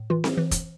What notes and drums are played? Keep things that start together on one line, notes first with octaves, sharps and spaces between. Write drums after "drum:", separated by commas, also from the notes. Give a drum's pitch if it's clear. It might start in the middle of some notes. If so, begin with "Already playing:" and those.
Already playing: A2
E3 F4
drum: snare C4
E3
drum: kick, hi-hat